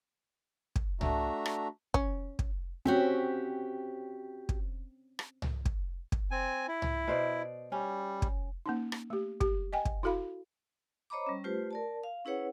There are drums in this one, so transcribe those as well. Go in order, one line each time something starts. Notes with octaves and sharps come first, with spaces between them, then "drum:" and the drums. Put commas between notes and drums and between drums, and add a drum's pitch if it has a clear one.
drum: kick
A3 D4 F#4 E5 A#5, drum: tom C2
drum: rim click
C#4, drum: kick
drum: kick
C4 C#4 F#4 G4 E5
drum: kick
drum: rim click
drum: tom C2
drum: kick
drum: kick
C4 G#5
E4
drum: tom C2
B2 C5 D5
G3 C#4
drum: kick
A#3 C#4 D#4
drum: rim click
A3 G4
G4, drum: kick
D#5 G5 G#5
drum: kick
E4 F#4 A4 F5 B5
C5 C#5 D#5 A#5 B5 D6
G3 C#4
A3 F4 G4 B4 C5
A#4 D5 A5
F5
C#4 E4 G#4 B4 C#5 F#5